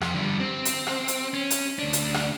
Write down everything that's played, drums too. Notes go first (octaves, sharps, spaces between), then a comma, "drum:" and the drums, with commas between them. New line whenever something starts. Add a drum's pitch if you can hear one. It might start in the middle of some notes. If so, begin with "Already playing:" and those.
F2, drum: rim click
D3 G3
C4
drum: hi-hat
drum: rim click
drum: hi-hat
C#4
drum: hi-hat
D2 D4
drum: hi-hat
drum: rim click